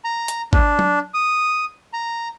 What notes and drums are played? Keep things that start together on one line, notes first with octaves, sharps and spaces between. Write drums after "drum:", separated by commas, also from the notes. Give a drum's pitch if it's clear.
A#5
drum: hi-hat
D4, drum: kick G#1
drum: tom F#3
D#6
A#5